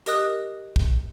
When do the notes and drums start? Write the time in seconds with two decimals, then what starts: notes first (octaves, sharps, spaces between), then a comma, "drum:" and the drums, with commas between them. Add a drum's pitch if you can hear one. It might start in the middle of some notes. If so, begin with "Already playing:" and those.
0.06 G4 A#4 D#5 D#6 F#6, drum: hi-hat
0.76 drum: kick